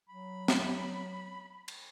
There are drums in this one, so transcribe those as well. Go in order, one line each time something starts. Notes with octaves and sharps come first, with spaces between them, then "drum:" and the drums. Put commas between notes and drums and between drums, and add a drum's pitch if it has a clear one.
F#3 B5
drum: snare
drum: cymbal